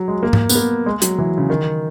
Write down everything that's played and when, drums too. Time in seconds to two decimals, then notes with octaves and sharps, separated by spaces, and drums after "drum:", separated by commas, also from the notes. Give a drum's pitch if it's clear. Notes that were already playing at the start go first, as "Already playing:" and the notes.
Already playing: F#3
0.08 G#3
0.23 A#3
0.33 drum: tom G#2
0.49 B3, drum: tambourine
0.55 A#3
0.86 G#3
1.02 F#3, drum: hi-hat
1.19 E3
1.38 C#3
1.50 D#3